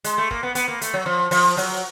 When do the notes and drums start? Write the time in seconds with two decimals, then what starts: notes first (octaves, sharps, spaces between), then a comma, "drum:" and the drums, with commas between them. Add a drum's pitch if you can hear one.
0.04 G#3, drum: hi-hat
0.18 A3
0.31 A#3, drum: kick
0.43 B3
0.55 B3, drum: hi-hat
0.68 A#3
0.81 A3, drum: hi-hat
0.94 F#3
1.06 F3
1.31 F3, drum: open hi-hat
1.57 F#3, drum: open hi-hat